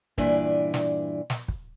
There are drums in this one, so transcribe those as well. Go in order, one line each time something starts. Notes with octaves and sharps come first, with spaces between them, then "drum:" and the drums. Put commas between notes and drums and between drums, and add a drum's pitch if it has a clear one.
G2 A#2 E3 D4, drum: kick
drum: snare
drum: snare
drum: kick